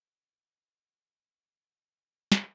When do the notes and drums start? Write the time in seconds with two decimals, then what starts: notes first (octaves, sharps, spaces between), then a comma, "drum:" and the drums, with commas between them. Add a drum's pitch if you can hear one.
0.02 G3 C4
2.32 drum: snare